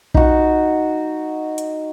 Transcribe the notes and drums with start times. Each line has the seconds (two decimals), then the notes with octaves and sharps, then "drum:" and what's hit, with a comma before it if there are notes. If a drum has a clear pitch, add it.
0.15 D#4 F#4, drum: kick B1
1.58 drum: hi-hat